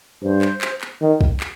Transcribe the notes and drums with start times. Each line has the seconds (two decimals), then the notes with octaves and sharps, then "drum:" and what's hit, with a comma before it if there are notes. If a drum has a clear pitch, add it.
0.22 G2 C5
0.42 drum: clap
0.61 drum: clap
0.81 drum: clap
1.01 D#3
1.21 drum: kick
1.40 drum: clap